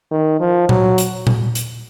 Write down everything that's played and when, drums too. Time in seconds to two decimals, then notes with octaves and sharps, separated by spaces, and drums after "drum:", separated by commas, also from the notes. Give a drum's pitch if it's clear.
0.11 D#3
0.40 F3
0.69 F#3, drum: tom A#2
0.98 drum: hi-hat
1.27 drum: tom A#2
1.55 drum: hi-hat